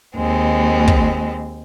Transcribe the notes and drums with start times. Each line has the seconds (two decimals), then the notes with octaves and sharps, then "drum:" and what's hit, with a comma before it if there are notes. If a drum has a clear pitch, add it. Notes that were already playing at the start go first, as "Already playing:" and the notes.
0.15 D#2 G#3 C4
0.88 drum: kick